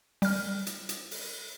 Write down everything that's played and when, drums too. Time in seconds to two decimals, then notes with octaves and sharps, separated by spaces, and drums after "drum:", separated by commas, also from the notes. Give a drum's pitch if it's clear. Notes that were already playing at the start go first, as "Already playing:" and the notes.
0.22 G3 F6, drum: open hi-hat
0.67 drum: hi-hat
0.89 drum: hi-hat
1.11 drum: open hi-hat